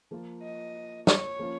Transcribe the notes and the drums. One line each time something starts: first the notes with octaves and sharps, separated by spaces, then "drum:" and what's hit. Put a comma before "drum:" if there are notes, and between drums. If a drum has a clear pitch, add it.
F3 A#3 F4
D#5
C#5, drum: snare
F3 A#3 C#4 F4